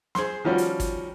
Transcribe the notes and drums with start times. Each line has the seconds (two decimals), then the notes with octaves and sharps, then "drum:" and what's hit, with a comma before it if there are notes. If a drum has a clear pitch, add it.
0.15 G#4 C5 C6, drum: snare
0.44 D#3 F3 G3 C#4 F#4
0.58 drum: hi-hat
0.80 drum: kick, hi-hat